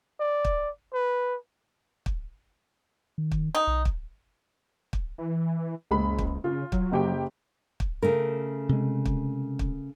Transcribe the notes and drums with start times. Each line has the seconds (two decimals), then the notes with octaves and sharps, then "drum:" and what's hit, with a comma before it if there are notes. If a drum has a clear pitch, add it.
0.20 D5
0.45 drum: kick
0.94 B4
2.06 drum: kick
3.18 D#3
3.32 drum: kick
3.55 D#4
3.67 B1
3.85 drum: kick
4.93 drum: kick
5.18 E3
5.91 F#1 C#2 G#3 B5
6.19 drum: kick
6.44 C#3 F4
6.72 F#3, drum: kick
6.92 F#1 G4 G5
7.80 drum: kick
8.03 C#3 A3 A#4
8.69 C3 G#3
9.05 drum: kick
9.59 drum: kick